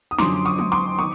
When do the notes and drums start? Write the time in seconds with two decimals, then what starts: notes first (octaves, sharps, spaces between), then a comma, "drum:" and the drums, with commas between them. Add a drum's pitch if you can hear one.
0.11 D#6
0.19 F#2 D3 F3 C6 D6, drum: snare
0.45 C#6 D#6
0.59 drum: tom G#3
0.72 C6 D6
0.99 D#3 C#6 D#6